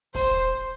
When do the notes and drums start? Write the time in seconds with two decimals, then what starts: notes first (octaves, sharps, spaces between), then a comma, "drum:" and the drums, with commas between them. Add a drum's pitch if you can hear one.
0.15 C5, drum: kick, open hi-hat